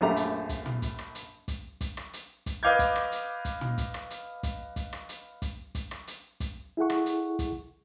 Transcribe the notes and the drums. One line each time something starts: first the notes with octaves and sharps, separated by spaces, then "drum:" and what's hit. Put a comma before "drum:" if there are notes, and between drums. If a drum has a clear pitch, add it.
A#1 F#2 A3 G4 A#5
drum: hi-hat
drum: kick, hi-hat
drum: tom
drum: kick, hi-hat
drum: rim click
drum: hi-hat
drum: kick, hi-hat
drum: kick, hi-hat
drum: rim click
drum: hi-hat
drum: kick, hi-hat
B4 D#5 F5 D6 G6 G#6
drum: kick, hi-hat
drum: rim click
drum: hi-hat
drum: kick, hi-hat
drum: tom
drum: kick, hi-hat
drum: rim click
drum: hi-hat
drum: kick, hi-hat
drum: kick, hi-hat
drum: rim click
drum: hi-hat
drum: kick, hi-hat
drum: kick, hi-hat
drum: rim click
drum: hi-hat
drum: kick, hi-hat
E4 G#4 A4 F#5 C#6
drum: rim click
drum: hi-hat
drum: kick, hi-hat